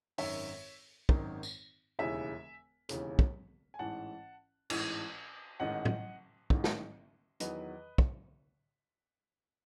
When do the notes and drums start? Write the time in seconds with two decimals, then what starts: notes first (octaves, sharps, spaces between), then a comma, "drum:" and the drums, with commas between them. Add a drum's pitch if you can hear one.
0.18 G#1 F#2 D#3 C#5 E5, drum: open hi-hat
1.09 G#1 F#2 D#3, drum: kick
1.43 drum: tambourine
1.99 E1 D#2 C#3 E3 E5 G#5
2.89 E1 D#2 C#3 E3, drum: hi-hat
3.19 drum: kick
3.74 G#5
3.79 A1 G#2 E3 F#5 A5
4.70 A1 G#2 E3, drum: cymbal
5.60 A1 G#2 D#3 D#5 F#5
5.85 drum: tom A2
6.50 A1 G#2 D#3, drum: kick
6.64 drum: snare
7.40 E2 D#3 F#3 B4 D#5, drum: hi-hat
7.98 drum: kick